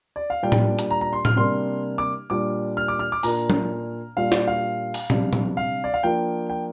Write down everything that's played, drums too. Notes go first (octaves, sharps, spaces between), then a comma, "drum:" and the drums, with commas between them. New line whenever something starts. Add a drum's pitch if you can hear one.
D5
F5
A#2 G3 D4 G5
drum: tom A2
drum: hi-hat
A#5
A#5
C6
F6, drum: tom A2
C3 G3 A#3 D4 C6
D6
A#2 G3 D4 D6
F6
D6
F6
D6
A#2 A#3 D4 A#5, drum: open hi-hat
drum: tom F#3
A#2 G3 D4 F5
D5, drum: snare
F5
drum: open hi-hat
C3 G3 D4, drum: tom
drum: tom
F5
D5
F5
F3 A#3 D4 G5
G5